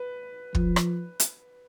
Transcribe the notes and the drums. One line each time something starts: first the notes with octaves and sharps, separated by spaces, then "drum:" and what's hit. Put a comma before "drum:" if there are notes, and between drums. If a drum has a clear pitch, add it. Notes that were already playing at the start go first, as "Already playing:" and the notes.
Already playing: B4
F3, drum: kick
drum: rim click
drum: hi-hat